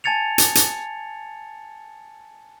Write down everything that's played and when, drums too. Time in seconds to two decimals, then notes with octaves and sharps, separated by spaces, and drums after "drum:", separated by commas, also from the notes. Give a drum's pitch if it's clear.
0.04 G#5 A5 G#6 A6 C#7 F7
0.38 drum: hi-hat
0.55 drum: hi-hat